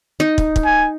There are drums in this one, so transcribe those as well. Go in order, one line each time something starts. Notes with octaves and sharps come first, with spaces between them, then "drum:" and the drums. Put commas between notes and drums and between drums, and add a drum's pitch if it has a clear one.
D#4
drum: kick
drum: kick
G#5